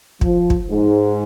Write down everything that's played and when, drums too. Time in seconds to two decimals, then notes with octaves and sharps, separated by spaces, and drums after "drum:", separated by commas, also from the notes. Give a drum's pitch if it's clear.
0.21 F3, drum: kick
0.50 drum: kick
0.70 G#2